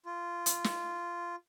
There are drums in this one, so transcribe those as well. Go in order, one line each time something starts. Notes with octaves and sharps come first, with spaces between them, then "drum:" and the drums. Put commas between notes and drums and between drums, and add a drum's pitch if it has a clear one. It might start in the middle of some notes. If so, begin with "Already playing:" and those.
F4
drum: hi-hat
drum: snare